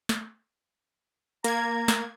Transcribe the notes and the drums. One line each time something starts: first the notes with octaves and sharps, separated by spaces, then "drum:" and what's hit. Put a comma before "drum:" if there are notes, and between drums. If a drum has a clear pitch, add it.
drum: snare
A#3 A#5 G#6, drum: hi-hat
drum: snare